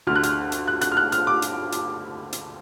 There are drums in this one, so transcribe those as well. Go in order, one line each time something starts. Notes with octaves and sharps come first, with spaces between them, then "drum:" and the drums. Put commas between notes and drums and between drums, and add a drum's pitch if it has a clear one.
D2 D3 F6
F#6
F6, drum: hi-hat
drum: hi-hat
F#6
F#6, drum: hi-hat
F6
F#6
F6, drum: hi-hat
D6
drum: hi-hat
drum: hi-hat
drum: hi-hat